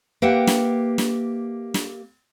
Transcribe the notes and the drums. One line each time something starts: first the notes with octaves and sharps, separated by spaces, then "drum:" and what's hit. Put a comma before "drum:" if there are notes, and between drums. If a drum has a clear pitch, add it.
A#3 G4 B4 E5 F#5 G5
drum: snare
drum: snare
drum: snare